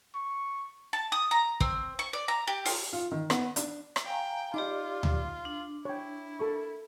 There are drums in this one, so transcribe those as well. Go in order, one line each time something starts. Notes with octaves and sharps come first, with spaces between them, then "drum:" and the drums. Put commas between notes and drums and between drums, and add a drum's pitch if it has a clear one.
C#6
A5
D#6
A#5
C4, drum: kick
C#6
D5
A#5
G4
F4, drum: open hi-hat
F4
D#3
B3, drum: rim click
D4, drum: hi-hat
drum: rim click
F5 G5 G#5 A#5
D#4 F4 G4 D5 B5 D6
drum: tom D2
D4
E4 C#5 G5
A4 A#4 C#6